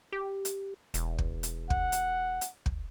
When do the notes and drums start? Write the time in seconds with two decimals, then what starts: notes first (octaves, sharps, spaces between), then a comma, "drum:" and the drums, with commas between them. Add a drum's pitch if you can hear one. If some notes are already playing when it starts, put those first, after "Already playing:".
0.12 G4
0.45 drum: hi-hat
0.94 E1, drum: hi-hat
1.18 drum: kick
1.43 drum: hi-hat
1.70 F#5, drum: kick
1.92 drum: hi-hat
2.41 drum: hi-hat
2.66 drum: kick